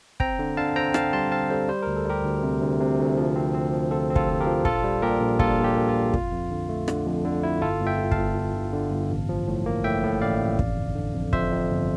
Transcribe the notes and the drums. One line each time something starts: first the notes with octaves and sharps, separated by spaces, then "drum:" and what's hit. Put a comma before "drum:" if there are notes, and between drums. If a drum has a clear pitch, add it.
C4 G5 A#5, drum: kick
D3
D3 F5 A5
C4 G5 A#5
D3 F5 A5, drum: rim click
G3 A5 C6
C4 F5 A5
G3 A4 C5
G3 C5
D2 A#4
A4
G3 G4 A#4
D2
C3
D2
C3
D2
F3
C4
C4
F3
C4 F4 A4
C4
F4 A4, drum: kick
F3
G4 A#4
F3
A#1 F4 A4, drum: kick
G3
A#2 G4 A#4
A#1
A#2 F4 A4, drum: kick
A#1
G4
A#2
F4
A#2
F2, drum: kick
F2
D3
A3
D3, drum: rim click
F2
D3
E4
G1 F4 A4
G1
E5 G5
G1
F5 A5, drum: kick
G1
G1
D3
D3
G1
A1
F3
A2
A#3
A2 E5 G5
A2
A1 D5 F5
A1
F2, drum: kick
G1
D3
F2
F2 C5 E5, drum: kick
F2
G1